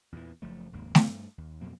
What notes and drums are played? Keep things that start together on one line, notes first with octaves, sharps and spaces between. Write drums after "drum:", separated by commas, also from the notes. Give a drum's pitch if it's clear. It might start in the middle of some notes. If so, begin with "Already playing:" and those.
E2 A#2 C#3 E3
F#1 F3 A3
F1 D#2 G#2 A#3
G2 G#3 A3, drum: snare A3
D#2
F2 B2 F#3 A#3